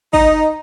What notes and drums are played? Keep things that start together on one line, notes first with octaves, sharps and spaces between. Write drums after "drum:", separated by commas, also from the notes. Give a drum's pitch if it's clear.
D#4, drum: kick